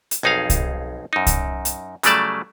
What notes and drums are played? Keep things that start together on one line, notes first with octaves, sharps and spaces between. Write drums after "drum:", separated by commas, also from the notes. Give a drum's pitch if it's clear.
drum: hi-hat
B1 F2 D#4 G#4 F5
drum: kick C2, hi-hat
F#2 D#4
drum: kick C2, hi-hat
drum: hi-hat
C#3 F#3 G3 A3 D5 A5, drum: hi-hat